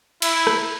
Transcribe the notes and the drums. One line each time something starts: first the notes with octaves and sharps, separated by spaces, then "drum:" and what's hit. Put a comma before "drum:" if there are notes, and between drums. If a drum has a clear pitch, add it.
E4, drum: cymbal
drum: rim click